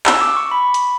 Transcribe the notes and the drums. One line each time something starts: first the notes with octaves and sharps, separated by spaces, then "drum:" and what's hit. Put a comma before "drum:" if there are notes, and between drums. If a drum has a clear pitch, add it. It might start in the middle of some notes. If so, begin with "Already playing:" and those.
E6, drum: clap
D6
C#6
B5
drum: hi-hat